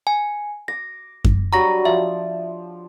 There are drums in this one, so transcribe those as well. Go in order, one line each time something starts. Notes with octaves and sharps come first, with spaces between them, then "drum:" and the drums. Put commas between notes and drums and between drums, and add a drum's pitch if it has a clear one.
G#5
D6 A#6
drum: kick F#2
F#3 G3 D4 A#5 C#6 A#6
F3 F4 E5